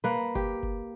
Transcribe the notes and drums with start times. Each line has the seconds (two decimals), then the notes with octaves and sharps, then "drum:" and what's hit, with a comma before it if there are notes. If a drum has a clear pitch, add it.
0.04 A#3 B4
0.35 G4, drum: kick F#1
0.63 drum: kick F#1